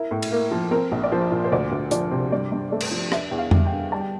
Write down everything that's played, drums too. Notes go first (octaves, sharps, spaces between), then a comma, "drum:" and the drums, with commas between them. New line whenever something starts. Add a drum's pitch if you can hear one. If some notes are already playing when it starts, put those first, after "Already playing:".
Already playing: E4 A#4
A2
drum: cymbal
A#3
F3
C4 A#4
A#1
D5
F3 C5
A#2
C5
D2 D5
D2
F3 D5, drum: hi-hat
C3
G2 D5
G2
A3 D5
drum: cymbal
F3
D4 E5, drum: rim click
E2
F5
G3, drum: tom F2
G5
D3
G3 A5
G5